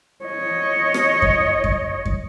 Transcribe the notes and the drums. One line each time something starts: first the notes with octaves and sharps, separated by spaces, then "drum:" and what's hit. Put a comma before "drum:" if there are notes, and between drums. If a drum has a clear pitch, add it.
C#5 D#5
drum: rim click
drum: kick F#2
drum: kick F#2
drum: kick F#2